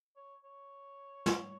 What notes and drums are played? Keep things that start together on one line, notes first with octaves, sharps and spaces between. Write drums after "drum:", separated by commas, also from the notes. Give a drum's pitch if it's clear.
C#5
C#5
drum: snare